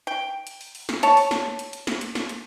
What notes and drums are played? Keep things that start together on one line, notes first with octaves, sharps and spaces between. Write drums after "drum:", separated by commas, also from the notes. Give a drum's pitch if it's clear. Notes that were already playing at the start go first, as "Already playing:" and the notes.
G5
drum: hi-hat
drum: open hi-hat
drum: open hi-hat
drum: snare
C#5 A5, drum: hi-hat
drum: open hi-hat
drum: snare
drum: hi-hat
drum: hi-hat
drum: snare
drum: hi-hat
drum: snare
drum: hi-hat